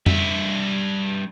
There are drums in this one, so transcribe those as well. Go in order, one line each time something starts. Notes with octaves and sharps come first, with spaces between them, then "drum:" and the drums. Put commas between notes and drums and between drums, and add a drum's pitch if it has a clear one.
G2 E5, drum: tom F2